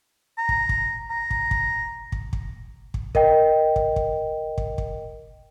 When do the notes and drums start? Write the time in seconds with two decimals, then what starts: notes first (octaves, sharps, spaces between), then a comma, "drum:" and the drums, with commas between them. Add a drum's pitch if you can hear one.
0.38 A#5
0.49 drum: kick
0.69 drum: kick
1.10 A#5
1.31 drum: kick
1.51 drum: kick
2.12 drum: kick
2.33 drum: kick
2.94 drum: kick
3.15 A#4 D#5 G5, drum: kick
3.76 drum: kick
3.96 drum: kick
4.58 drum: kick
4.78 drum: kick